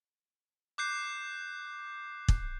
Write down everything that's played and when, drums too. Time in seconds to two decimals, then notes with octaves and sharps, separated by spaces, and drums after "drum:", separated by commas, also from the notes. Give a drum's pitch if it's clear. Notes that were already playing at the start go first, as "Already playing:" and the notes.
0.78 D6 F#6 G6 C7
2.28 drum: kick